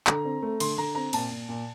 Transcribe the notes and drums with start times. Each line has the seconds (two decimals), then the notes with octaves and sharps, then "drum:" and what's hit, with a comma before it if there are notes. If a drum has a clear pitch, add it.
0.07 D3 A#5, drum: clap
0.25 C4
0.42 A3
0.60 D3 C6, drum: cymbal
0.78 D3 A#5
0.95 C4 A#5
1.13 A#2 A5, drum: cymbal
1.31 A#2
1.49 A#2